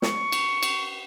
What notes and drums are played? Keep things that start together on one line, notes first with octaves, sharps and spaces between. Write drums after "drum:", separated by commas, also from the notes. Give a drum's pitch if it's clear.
C#6, drum: snare
drum: cymbal
drum: cymbal